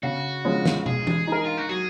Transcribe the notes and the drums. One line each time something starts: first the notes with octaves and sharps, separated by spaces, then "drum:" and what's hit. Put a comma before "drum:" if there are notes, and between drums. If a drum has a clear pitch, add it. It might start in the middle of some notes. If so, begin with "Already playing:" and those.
C#3 F#4
F3 G#3 C#4
drum: snare
G#3 G#4, drum: tom
drum: tom E3
D#4 A#4
F4
F#4
F#3 G#4